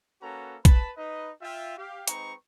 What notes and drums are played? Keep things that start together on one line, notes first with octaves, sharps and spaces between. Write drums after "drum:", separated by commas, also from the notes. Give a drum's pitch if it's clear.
A#3 C#4 F#4 A4 B4 A#5
B4 A5 B5, drum: kick, hi-hat
D#4 B4 D#5
F4 E5 G5
G4 F5
G#3 C4 D#4 B4 A#5 C#6, drum: hi-hat